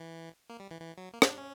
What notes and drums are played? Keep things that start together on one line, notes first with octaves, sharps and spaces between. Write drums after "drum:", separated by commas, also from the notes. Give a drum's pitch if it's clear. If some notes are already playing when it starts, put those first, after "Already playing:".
Already playing: E3
A#3
G3
E3
E3
F#3
A#3
C#4, drum: rim click
D4
C#4